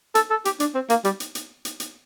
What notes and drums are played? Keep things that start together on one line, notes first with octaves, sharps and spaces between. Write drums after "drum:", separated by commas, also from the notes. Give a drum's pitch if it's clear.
A4, drum: hi-hat
A4
G4, drum: hi-hat
D4, drum: hi-hat
C4
A#3, drum: hi-hat
G3, drum: hi-hat
drum: hi-hat
drum: hi-hat
drum: hi-hat
drum: hi-hat